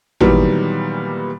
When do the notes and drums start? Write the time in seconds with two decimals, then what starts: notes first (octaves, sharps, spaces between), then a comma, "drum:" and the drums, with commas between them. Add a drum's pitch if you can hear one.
0.20 A#2 D#3 E3 F#3 G3 B3, drum: tom G#1